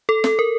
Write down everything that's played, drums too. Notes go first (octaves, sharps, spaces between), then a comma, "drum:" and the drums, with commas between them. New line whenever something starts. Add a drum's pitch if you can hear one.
A4
drum: snare
A#4